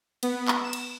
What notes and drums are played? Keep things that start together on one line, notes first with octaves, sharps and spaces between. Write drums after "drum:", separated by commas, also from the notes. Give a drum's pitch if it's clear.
B3, drum: cymbal
drum: clap
E7
drum: cymbal